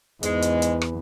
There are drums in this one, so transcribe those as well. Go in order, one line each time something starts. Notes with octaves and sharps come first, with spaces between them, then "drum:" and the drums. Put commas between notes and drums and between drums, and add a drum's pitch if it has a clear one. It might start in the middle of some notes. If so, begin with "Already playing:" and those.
E2 G#2 G#3, drum: hi-hat
drum: hi-hat
drum: hi-hat
drum: rim click